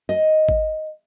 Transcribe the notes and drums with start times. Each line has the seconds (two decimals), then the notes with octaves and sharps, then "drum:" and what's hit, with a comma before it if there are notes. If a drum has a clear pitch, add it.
0.09 D#5
0.49 drum: kick G#1